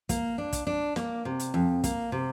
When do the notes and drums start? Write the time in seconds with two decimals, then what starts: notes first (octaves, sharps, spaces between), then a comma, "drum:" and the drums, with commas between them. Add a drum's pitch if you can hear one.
0.09 A#3, drum: kick, hi-hat
0.38 D4
0.53 drum: kick, hi-hat
0.67 D4
0.96 A#3, drum: snare
1.25 C3
1.39 drum: hi-hat
1.54 F2
1.84 A#3, drum: kick, hi-hat
2.12 C3